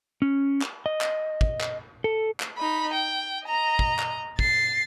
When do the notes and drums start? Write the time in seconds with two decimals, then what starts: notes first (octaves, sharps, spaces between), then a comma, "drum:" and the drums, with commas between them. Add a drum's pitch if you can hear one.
0.22 C#4
0.61 drum: clap
0.86 D#5
1.01 drum: clap
1.41 drum: kick
1.61 drum: clap
2.04 A4
2.40 drum: clap
2.58 D#4 B5
2.93 G5
3.46 D#5 A#5
3.79 drum: kick
3.99 drum: clap
4.39 A6 C7, drum: kick